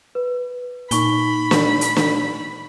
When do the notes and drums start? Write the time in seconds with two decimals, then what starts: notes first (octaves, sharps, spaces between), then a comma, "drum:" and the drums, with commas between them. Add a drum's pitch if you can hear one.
0.15 B4
0.91 A#2 D#4 B5 C#6 G7, drum: hi-hat
1.51 drum: snare
1.81 drum: hi-hat
1.96 drum: snare